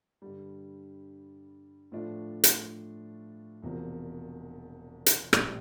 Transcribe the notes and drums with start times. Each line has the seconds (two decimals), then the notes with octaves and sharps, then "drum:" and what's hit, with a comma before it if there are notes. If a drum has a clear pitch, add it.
0.22 G2 D3 G3
1.92 A2 F3 A3 D4 F4
2.44 drum: hi-hat
3.62 E1 E2 C3 F3 A#3
5.06 drum: hi-hat
5.33 A#1 A2 G3 C4, drum: rim click